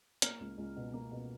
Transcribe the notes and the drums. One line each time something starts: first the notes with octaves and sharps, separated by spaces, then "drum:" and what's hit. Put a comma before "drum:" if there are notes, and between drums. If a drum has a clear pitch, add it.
A#3 F6, drum: hi-hat
C#2
C#2
B2
A#3
B2